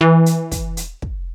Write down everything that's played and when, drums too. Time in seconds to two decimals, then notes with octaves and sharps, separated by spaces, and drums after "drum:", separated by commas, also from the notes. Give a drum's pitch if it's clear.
0.01 E3
0.26 drum: hi-hat
0.52 drum: kick, hi-hat
0.77 drum: hi-hat
1.02 drum: kick